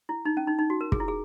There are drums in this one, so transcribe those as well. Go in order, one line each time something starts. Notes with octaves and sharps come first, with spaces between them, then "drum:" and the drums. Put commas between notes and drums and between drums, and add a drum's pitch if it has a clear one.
E4
D#4
C#4
D#4
D#4
F#4
A#4
G#4, drum: kick
E4
G#4